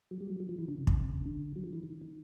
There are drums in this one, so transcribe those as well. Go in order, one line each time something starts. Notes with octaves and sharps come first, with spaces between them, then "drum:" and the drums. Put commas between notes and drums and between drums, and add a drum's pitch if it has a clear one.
F#3
G3
F#3
F#3
F3
E3
D3
C#3
C3, drum: kick
C3
C#3
D3
F#3
F3
E3
D#3
D#3